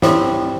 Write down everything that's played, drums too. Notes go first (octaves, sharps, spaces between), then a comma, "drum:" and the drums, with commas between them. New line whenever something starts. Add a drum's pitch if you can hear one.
A2 G3 C4, drum: snare